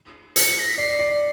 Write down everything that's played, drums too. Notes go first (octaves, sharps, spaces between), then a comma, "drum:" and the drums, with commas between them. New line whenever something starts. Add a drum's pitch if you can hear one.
C#7, drum: hi-hat
A#6
B6
D5 C7
D5